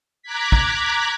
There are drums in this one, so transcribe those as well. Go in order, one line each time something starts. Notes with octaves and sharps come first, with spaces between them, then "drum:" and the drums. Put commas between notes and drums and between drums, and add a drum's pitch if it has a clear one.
A#5 D6 F#6 G#6 B6
drum: kick